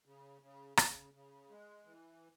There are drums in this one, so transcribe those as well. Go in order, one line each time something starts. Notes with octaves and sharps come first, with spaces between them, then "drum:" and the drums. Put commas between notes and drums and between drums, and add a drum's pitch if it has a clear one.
C#3
C#3
C#3, drum: rim click
C#3
G#3
E3